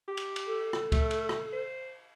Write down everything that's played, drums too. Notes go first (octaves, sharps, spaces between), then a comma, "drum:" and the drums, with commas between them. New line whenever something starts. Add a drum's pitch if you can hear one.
G4
drum: cymbal
drum: cymbal
A4
drum: rim click
A3, drum: kick C#2, cymbal
drum: cymbal
drum: rim click
C5